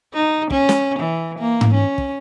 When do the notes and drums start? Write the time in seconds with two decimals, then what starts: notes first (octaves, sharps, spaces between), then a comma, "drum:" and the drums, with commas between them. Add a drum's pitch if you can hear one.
0.14 D#4
0.50 C#4, drum: kick
0.69 drum: snare
0.99 E3
1.39 A#3
1.61 drum: tom G#2
1.73 C#4
1.98 drum: kick